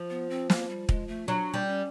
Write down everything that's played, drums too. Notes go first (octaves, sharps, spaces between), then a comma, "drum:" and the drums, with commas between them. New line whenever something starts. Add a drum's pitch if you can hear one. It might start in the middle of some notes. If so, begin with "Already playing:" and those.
Already playing: F3
B3
C4
A#3, drum: snare
G3
G#3, drum: kick
A3
F#3 D4
G3
C#4